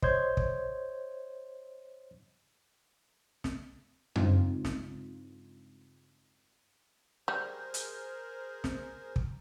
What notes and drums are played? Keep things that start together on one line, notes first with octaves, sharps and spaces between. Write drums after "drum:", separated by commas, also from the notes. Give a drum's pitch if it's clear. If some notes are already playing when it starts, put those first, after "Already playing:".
C5 C#5 D#5 C6 G6 G#6, drum: kick
drum: kick
drum: snare
G2 C#3 G#3 C4 D#4 F4, drum: tom F#2
drum: snare
G3 G#4 A#4 C5 G6
drum: hi-hat
drum: snare
drum: kick